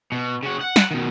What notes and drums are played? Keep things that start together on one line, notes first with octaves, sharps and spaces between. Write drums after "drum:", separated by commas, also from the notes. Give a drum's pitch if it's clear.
B2
C#3 F#4
F#5
drum: snare
B2 D#3